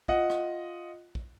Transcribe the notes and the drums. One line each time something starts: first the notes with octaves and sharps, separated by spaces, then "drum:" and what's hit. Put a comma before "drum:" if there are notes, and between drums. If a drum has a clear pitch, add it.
F4 D#5 F#5, drum: kick
drum: rim click
drum: kick